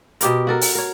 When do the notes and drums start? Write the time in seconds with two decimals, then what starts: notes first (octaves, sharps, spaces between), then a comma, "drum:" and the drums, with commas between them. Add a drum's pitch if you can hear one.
0.21 B2 G4 A#4, drum: hi-hat
0.47 F#4 A4 A#4
0.61 drum: open hi-hat
0.75 A#4 C#5